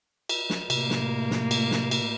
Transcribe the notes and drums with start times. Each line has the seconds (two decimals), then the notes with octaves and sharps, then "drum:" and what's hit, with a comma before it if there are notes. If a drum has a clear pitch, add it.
0.29 drum: cymbal
0.50 drum: snare
0.70 A2 C3 A#3, drum: cymbal
0.90 drum: snare
1.31 drum: snare
1.51 drum: cymbal
1.71 drum: snare
1.91 drum: cymbal